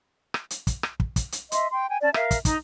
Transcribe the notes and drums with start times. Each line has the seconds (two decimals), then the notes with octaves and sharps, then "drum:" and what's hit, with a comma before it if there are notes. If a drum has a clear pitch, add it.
0.34 drum: rim click
0.50 drum: hi-hat
0.67 drum: kick, hi-hat
0.83 drum: rim click
1.00 drum: kick
1.16 drum: kick, hi-hat
1.32 drum: hi-hat
1.52 D#5 E5 C6, drum: hi-hat
1.70 G5 C6
1.89 G5 G#5
2.02 C#4 D5 A5
2.14 A#4 E5 F5, drum: rim click
2.31 drum: kick, hi-hat
2.45 D#4 A#5, drum: kick, hi-hat